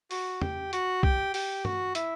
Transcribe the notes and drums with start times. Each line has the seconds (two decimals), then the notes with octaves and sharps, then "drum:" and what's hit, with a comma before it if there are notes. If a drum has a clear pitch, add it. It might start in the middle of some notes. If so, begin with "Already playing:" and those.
0.11 F#4, drum: open hi-hat
0.42 G4, drum: tom E2
0.73 F#4, drum: hi-hat
1.03 G4, drum: kick B1
1.34 G4, drum: open hi-hat
1.65 F#4, drum: tom G2
1.95 E4, drum: hi-hat